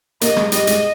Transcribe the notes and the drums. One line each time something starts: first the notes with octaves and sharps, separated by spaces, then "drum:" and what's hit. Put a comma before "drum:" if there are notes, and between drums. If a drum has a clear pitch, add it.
A#3 D#5, drum: hi-hat
G#3, drum: rim click
G3 D#5, drum: hi-hat
G#3, drum: hi-hat